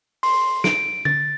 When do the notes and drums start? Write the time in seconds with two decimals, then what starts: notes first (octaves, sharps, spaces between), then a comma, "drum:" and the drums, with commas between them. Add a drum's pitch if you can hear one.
0.23 C6, drum: open hi-hat
0.64 D7, drum: snare
1.05 A6, drum: tom